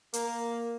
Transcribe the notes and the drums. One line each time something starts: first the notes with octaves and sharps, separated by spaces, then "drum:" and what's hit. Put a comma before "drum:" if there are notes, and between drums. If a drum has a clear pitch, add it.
A#3, drum: hi-hat